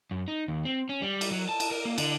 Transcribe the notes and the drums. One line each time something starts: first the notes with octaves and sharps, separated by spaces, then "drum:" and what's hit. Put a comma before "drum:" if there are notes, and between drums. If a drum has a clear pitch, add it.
F#2
D#4
D#2
C4
C#4
G3
drum: cymbal
F#3
A5
drum: cymbal
A#4
A#3
D3, drum: cymbal